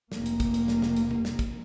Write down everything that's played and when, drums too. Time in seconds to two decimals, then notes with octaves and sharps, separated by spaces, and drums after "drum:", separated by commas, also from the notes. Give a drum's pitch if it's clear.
0.12 F1 A#3, drum: snare
0.26 drum: hi-hat
0.40 drum: kick, hi-hat
0.54 drum: hi-hat
0.68 drum: snare
0.82 drum: snare
0.97 drum: hi-hat
1.11 drum: tom E2
1.25 drum: snare
1.39 drum: kick, hi-hat